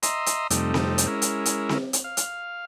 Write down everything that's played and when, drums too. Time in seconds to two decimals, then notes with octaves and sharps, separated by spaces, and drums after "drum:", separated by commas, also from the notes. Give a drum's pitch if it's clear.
0.03 D#5 E5 A#5 C6, drum: hi-hat
0.26 drum: hi-hat
0.50 F2 C3 G3 A3 D#4, drum: hi-hat
0.74 drum: snare C4
0.98 drum: hi-hat
1.07 G#3 C#4 E4 A#4
1.22 drum: hi-hat
1.46 drum: hi-hat
1.69 drum: snare C4
1.93 drum: hi-hat
2.04 F5
2.17 drum: hi-hat